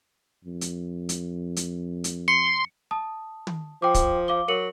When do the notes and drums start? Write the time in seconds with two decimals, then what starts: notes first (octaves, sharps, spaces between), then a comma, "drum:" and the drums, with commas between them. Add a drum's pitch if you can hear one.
0.45 F2
0.61 drum: hi-hat
1.09 drum: hi-hat
1.56 drum: hi-hat
2.04 drum: hi-hat
2.28 C6 C#7
2.91 A5 D#6
3.47 drum: tom
3.82 F3 G5 D6
3.94 drum: kick, hi-hat
4.28 F5 D6 G7
4.48 F#3 A#4 C#7 F#7